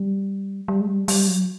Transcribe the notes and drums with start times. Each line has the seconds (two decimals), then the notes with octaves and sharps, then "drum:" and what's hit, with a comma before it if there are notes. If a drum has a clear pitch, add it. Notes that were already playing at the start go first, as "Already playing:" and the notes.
Already playing: G3
0.68 G3
0.81 G#3
0.88 G3
1.08 G3, drum: open hi-hat
1.27 F#3